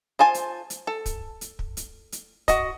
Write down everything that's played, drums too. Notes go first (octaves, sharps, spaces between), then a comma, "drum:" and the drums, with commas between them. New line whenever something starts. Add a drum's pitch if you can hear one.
F4 C5 G#5 A5
drum: hi-hat
drum: hi-hat
A4
drum: kick, hi-hat
drum: hi-hat
drum: kick
drum: hi-hat
drum: hi-hat
F#4 D#5, drum: kick, hi-hat